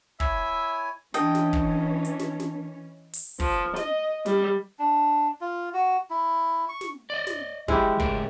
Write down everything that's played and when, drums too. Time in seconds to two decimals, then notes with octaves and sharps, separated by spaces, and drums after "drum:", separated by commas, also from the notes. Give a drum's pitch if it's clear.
0.20 E4 C#5 E5 G#5, drum: kick
1.14 E3 C#4 D4 A#4 D#5 G5 A5, drum: hi-hat
1.35 drum: snare
1.53 drum: kick
2.05 drum: hi-hat
2.19 drum: snare
2.40 drum: snare
3.13 drum: open hi-hat
3.40 F3, drum: kick
3.76 D#5, drum: snare
4.26 G3, drum: snare
4.79 D4
5.41 F4
5.74 F#4
6.10 E4
6.69 C#6
6.81 drum: snare
7.10 D5 D#5
7.27 drum: snare
7.68 F3 G#3 E4 G4, drum: kick
8.00 C#3 A3 A#4, drum: kick